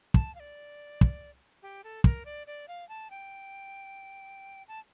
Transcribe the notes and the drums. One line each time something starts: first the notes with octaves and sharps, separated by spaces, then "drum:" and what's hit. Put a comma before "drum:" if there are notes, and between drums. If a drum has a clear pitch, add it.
A5, drum: kick
F5
D5
drum: kick
G4
A4
A#4, drum: kick
D5
D5
F5
A5
G5
A5